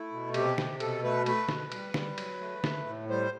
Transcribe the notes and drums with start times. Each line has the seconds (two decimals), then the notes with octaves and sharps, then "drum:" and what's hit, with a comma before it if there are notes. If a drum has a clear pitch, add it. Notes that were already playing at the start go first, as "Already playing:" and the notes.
Already playing: A3 E4
0.12 B2
0.34 C3 G4, drum: cymbal
0.58 C3, drum: snare
0.80 B2 A4, drum: cymbal
1.04 A3 B4
1.26 A3 B4, drum: cymbal
1.49 B2, drum: snare
1.72 G3, drum: cymbal
1.94 G3, drum: snare
2.18 F#3, drum: cymbal
2.40 A3
2.64 A3, drum: snare
2.86 A2
3.10 G3 C5